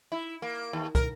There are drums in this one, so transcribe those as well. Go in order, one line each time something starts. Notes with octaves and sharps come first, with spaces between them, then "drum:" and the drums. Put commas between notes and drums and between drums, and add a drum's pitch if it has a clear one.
E4
A#3
D#2
A#4, drum: kick, hi-hat